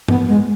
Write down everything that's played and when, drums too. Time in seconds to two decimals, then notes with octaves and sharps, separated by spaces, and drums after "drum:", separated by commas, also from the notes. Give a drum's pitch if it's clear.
0.08 B3, drum: tom G2
0.28 G#3